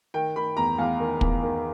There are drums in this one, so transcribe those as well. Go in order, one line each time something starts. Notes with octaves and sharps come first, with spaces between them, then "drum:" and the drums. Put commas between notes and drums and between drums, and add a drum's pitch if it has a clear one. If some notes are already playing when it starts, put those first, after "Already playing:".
D#3 G5
D#3 B5
E2 A#5
E2 F5
D#3
E2, drum: kick
D#3